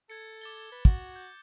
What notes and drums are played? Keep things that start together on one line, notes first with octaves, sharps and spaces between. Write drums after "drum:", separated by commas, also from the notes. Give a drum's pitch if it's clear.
A4 G#6 C#7
D6 A6 G7
B4
F#4, drum: kick
G6